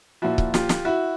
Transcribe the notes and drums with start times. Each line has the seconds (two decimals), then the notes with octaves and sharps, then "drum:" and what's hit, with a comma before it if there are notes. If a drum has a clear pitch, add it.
0.22 A#2 F3 E4 F#4
0.38 drum: kick C#1
0.54 F4 G4, drum: snare
0.69 drum: snare
0.85 E4 F#4